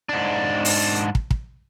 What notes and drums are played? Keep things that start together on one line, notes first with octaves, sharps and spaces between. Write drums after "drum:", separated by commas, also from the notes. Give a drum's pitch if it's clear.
G#2 D4
drum: open hi-hat
drum: kick
drum: kick